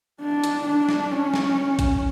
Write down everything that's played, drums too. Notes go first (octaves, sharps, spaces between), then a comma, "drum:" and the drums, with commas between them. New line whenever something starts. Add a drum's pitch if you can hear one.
D4
drum: hi-hat
D4
drum: snare
C#4
drum: snare
drum: kick A1, hi-hat